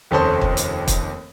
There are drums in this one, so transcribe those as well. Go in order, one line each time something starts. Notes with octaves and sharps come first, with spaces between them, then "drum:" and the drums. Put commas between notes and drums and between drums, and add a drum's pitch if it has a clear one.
F1 D#2 C#4 A4 C5 D#6
drum: kick
drum: hi-hat
drum: kick, hi-hat